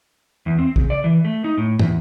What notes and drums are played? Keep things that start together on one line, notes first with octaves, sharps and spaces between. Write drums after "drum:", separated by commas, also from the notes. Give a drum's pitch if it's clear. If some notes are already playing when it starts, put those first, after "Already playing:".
E2
C4
C#3, drum: kick
D5
E3
A3
D#4
A2
E2, drum: tom